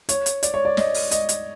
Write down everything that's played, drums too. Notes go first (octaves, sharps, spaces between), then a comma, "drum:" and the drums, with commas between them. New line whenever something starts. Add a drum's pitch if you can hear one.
C#5, drum: hi-hat
drum: hi-hat
D5, drum: hi-hat
C#5
D5
D#5, drum: snare
drum: open hi-hat
D#5, drum: hi-hat
drum: hi-hat